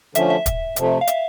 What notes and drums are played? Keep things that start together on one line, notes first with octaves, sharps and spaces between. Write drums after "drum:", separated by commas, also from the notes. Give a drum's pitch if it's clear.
D3 F3 A3 C#4 E5, drum: hi-hat
E5
drum: kick, hi-hat
F2 C3 F3 A3, drum: hi-hat
F5
E5, drum: hi-hat